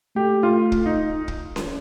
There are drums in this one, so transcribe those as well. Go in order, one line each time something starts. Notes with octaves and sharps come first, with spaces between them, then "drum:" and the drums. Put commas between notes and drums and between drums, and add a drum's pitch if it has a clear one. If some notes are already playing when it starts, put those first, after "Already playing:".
A3 G4
F4
drum: kick
D#4
drum: kick
drum: snare C#4